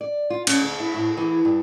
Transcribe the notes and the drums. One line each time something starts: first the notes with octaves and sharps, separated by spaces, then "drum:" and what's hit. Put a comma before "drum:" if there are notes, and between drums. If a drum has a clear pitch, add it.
D5
F4
C#4, drum: cymbal
D2
E4
A2
E3
G2